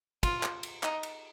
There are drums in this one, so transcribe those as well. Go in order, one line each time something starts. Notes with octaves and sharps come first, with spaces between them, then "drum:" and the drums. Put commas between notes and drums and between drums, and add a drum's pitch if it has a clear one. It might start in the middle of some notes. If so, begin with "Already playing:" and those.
F4, drum: kick, cymbal
drum: clap
drum: cymbal
D#4, drum: clap
drum: cymbal